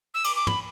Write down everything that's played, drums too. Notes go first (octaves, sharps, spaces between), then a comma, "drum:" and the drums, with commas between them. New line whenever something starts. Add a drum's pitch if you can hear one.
E6
D6, drum: cymbal
D6
B5, drum: tom